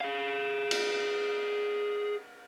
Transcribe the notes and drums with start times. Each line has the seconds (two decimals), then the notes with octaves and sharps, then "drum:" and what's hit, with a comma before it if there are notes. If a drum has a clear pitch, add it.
0.01 G#4 F5
0.71 drum: cymbal